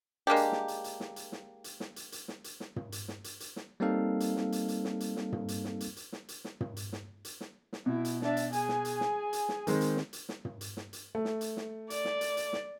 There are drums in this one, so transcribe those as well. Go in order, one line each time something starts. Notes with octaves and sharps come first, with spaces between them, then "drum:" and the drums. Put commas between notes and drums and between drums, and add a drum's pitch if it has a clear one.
G#3 A#3 D4 G4
drum: hi-hat
drum: snare
drum: hi-hat
drum: hi-hat
drum: snare
drum: hi-hat
drum: snare
drum: hi-hat
drum: snare
drum: hi-hat
drum: hi-hat
drum: snare
drum: hi-hat
drum: snare
drum: tom
drum: hi-hat
drum: snare
drum: hi-hat
drum: hi-hat
drum: snare
G3 A#3 C4 D#4 A4 F5
drum: hi-hat
drum: snare
drum: hi-hat
drum: hi-hat
drum: snare
drum: hi-hat
drum: snare
drum: tom
drum: hi-hat
drum: snare
drum: hi-hat
drum: hi-hat
drum: snare
drum: hi-hat
drum: snare
drum: tom
drum: hi-hat
drum: snare
drum: hi-hat
drum: snare
drum: snare
B2 E4
drum: hi-hat
D4 E5, drum: snare
drum: hi-hat
G#4 G#5, drum: hi-hat
drum: snare
drum: hi-hat
drum: snare
drum: hi-hat
drum: snare
D#3 G#3 C4, drum: hi-hat
drum: hi-hat
drum: snare
drum: hi-hat
drum: snare
drum: tom
drum: hi-hat
drum: snare
drum: hi-hat
A3
drum: snare
drum: hi-hat
drum: snare
D5, drum: hi-hat
drum: snare
drum: hi-hat
drum: hi-hat
drum: snare